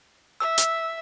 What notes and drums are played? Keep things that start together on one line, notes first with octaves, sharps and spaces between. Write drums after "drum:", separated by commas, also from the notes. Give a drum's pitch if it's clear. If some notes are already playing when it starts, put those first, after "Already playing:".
E5 E6
drum: hi-hat